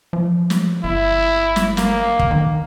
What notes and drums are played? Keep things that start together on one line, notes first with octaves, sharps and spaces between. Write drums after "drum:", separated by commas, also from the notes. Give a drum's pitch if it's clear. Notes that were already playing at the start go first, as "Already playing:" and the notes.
F3
drum: snare
G1 E4
drum: snare
A#3, drum: snare
drum: kick
D#3